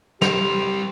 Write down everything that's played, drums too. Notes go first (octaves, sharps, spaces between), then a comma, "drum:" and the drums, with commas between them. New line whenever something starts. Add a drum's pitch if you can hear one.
G3 G4 C5 F7, drum: snare